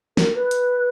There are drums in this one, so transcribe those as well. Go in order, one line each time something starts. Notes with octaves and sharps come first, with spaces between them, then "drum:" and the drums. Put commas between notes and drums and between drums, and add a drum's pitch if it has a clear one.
A#4, drum: snare
B4
drum: hi-hat